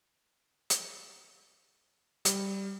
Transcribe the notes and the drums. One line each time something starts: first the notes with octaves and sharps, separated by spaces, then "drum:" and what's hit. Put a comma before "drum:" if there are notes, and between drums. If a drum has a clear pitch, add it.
drum: hi-hat
G3, drum: hi-hat